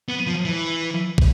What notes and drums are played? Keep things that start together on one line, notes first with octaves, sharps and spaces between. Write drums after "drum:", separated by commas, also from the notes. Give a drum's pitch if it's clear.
B3
F3
E3
drum: kick